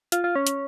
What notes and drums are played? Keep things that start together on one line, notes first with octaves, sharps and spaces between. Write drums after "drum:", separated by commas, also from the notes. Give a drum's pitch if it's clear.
F4, drum: hi-hat
F4
C#4
drum: hi-hat